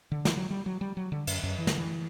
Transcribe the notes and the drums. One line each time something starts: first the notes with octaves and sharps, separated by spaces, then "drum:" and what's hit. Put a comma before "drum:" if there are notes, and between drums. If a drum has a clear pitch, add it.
D3
E3, drum: snare
F#3
G3
F#3
G3
F#3
D3
F#2, drum: cymbal
F#2
E3
D3, drum: snare
E3